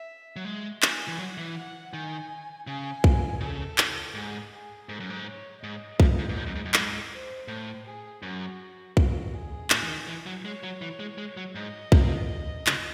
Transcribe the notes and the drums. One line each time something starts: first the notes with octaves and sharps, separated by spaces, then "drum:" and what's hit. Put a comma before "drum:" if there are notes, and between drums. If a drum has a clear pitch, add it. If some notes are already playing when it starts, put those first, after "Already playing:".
Already playing: E5
F#3
G#3
G#5, drum: clap
E3
F#3 F#5
E3
F#5
D#3 G#5
C#3 G#5
drum: kick
C#3 A4
drum: clap
G#2 G#4
G#4
G#2 A4
F#2
G#2
C#5
G#2 D#5
F#2, drum: kick
G#2
G#2
A2
F#2
G#2
F#2
G#2, drum: clap
C5
A2
G#4
F#2 F#4
F#4, drum: kick
G#4
A2, drum: clap
E3
D#3
E3
F#3
G#3 C#5
F#3
E3
G#3
G#3
F#3
G#2 D#5
C3, drum: kick
C#3, drum: clap